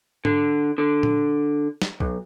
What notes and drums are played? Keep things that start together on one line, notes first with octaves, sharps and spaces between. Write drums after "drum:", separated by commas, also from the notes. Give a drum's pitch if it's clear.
D3, drum: tom G#2
D3
drum: tom A#2
drum: snare
B1, drum: kick